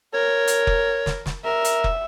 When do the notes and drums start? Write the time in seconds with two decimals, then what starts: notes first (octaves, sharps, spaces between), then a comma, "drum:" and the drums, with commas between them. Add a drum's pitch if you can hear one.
0.14 A#4 C#5
0.48 drum: hi-hat
0.67 drum: kick F1
1.06 drum: snare
1.26 drum: snare
1.45 A#4 E5
1.65 drum: hi-hat
1.84 drum: kick F1